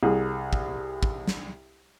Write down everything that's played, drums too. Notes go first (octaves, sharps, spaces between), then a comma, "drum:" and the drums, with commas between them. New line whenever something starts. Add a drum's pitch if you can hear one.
C2 G#4
drum: kick
drum: kick
drum: snare